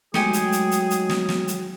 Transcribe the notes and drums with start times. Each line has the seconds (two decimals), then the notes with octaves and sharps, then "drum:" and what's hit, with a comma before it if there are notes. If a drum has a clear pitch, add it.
0.14 F#3 G#3 A3 D#4 G4 G#4 G#5, drum: snare
0.33 drum: hi-hat
0.52 drum: hi-hat
0.71 drum: hi-hat
0.90 drum: hi-hat
1.09 drum: snare
1.29 drum: snare
1.48 drum: hi-hat